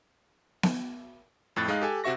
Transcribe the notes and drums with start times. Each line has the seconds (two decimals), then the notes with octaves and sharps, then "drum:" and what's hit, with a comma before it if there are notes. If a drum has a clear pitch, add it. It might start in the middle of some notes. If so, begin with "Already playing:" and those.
0.63 drum: snare B3
1.56 F2 A2 F#6 A6
1.68 G#3 D#4 D#5 F5 F#6
1.82 G4 A4 G#5
2.04 C3 C4 F#4 E5 C#6 A#6